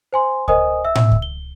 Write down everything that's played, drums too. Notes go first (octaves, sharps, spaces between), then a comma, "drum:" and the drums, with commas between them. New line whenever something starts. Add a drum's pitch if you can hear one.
C5 G#5 C6
A#4 C5 D#5 G#5 D#6, drum: kick C#2
E5 E6
drum: tom A2
drum: kick C#2
G7